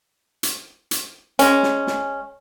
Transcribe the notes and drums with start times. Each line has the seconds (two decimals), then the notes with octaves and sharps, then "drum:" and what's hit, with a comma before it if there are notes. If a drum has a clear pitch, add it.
0.43 drum: hi-hat
0.91 drum: hi-hat
1.39 G#3 C#4, drum: hi-hat
1.63 drum: snare
1.87 drum: snare